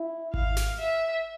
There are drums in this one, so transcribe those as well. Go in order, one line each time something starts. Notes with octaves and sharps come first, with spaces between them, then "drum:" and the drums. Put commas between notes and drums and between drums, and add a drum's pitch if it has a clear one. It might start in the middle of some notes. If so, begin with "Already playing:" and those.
Already playing: E4
F5, drum: kick G#1
drum: snare
E5